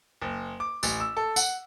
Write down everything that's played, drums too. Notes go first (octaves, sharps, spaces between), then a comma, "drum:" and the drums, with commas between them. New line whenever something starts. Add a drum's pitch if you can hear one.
F#1
D6
A1, drum: tambourine
E6
A4
F#5, drum: tambourine